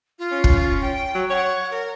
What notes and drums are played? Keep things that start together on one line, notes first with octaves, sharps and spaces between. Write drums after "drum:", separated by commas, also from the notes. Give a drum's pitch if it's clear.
F4
C#4
drum: kick
G5
F#3
C#5 F#5
A#4